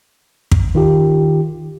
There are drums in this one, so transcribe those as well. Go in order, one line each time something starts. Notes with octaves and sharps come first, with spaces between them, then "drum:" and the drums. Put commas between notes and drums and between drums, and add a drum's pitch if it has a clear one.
drum: kick
D#3 F4 G4